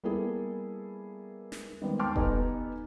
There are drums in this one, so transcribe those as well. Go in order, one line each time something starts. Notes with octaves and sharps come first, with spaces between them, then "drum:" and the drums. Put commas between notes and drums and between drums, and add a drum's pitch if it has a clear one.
G3 A#3 B3 E4 G#4 A4
drum: snare
D#3 G3 G#3 B3 C4
G5 A5 C6 D6 F6
B3 D#4 G4 A4 B4 G#5, drum: kick E1